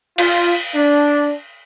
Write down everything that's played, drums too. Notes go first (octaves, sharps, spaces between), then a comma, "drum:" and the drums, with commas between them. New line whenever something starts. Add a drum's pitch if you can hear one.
F4, drum: cymbal
D4